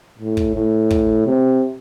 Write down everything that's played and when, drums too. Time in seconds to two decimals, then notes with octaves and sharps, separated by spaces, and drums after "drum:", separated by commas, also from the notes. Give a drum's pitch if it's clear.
0.19 A2
0.37 drum: kick
0.55 A2
0.90 drum: kick
1.26 C3